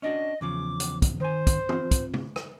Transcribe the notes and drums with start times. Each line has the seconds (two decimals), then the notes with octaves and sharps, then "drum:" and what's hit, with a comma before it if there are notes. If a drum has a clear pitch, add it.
0.02 C#4 D4 F#4 D#5
0.41 E2 C#3 F3 D6
0.80 drum: hi-hat
1.02 drum: kick, hi-hat
1.20 D#3 C5 G#5
1.47 drum: kick, hi-hat
1.69 C4 F4, drum: tom
1.91 drum: kick, hi-hat
2.14 drum: tom C3
2.36 drum: rim click